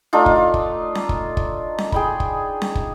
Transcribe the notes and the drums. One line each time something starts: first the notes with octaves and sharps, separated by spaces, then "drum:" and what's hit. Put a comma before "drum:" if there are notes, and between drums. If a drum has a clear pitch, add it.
A3 D4 D#4 F4
drum: kick
F4
drum: kick
drum: snare C#4
drum: kick
drum: kick
drum: snare C#4
G#4 G5 B5, drum: kick
drum: kick
drum: snare C#4
drum: kick